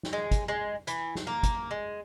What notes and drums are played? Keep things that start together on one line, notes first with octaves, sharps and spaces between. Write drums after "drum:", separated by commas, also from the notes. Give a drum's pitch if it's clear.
drum: snare
G#3
drum: kick, hi-hat
G#3
E3, drum: hi-hat
drum: snare
A#3
drum: kick, hi-hat
G#3